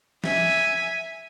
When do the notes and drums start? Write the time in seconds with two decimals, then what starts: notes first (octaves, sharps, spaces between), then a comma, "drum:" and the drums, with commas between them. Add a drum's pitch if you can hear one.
0.24 E5 G#5, drum: snare